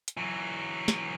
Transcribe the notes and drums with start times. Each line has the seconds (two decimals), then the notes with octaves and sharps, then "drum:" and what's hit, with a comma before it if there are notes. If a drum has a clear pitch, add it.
0.08 drum: hi-hat
0.17 E3 F#3
0.88 drum: snare